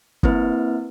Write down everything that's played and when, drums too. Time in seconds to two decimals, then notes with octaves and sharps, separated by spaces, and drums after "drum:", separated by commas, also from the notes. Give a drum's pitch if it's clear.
0.23 A#3 C4 E4 B4, drum: kick